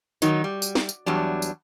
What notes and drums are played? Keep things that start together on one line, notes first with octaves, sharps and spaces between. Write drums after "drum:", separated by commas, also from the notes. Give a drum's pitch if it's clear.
D#3 F#3 D#4, drum: tambourine
G3
drum: tambourine
drum: snare
drum: tambourine
E2 F#3 G3 D4
drum: tambourine